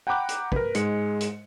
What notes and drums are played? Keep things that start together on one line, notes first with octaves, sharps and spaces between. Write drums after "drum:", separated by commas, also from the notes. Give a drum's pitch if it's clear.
F#5 G5 A#5 B5 D6 F#6
drum: hi-hat
A#4 B4, drum: kick
G#2 G#3 C#7, drum: hi-hat
drum: hi-hat